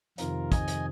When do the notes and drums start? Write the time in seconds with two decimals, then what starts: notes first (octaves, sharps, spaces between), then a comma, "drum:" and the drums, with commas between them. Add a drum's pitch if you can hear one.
0.18 F2 C3 D#3 F4 A#4, drum: hi-hat
0.52 D#5 G#5, drum: kick, hi-hat
0.68 drum: hi-hat